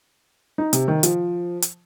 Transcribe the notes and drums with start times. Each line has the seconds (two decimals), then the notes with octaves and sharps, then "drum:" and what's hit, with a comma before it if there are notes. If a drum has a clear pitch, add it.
0.58 D#4
0.73 C3, drum: hi-hat
0.88 D#3
1.03 F3, drum: hi-hat
1.62 drum: hi-hat